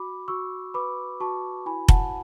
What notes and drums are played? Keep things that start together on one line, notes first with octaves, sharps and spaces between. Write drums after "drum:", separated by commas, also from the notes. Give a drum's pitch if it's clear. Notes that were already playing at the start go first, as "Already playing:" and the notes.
Already playing: F#4 B5 D6
F#4 C#6 E6
B4 B5 D6
F#4 A5 C#6
E4 G#5 B5
F#5 A5, drum: kick F1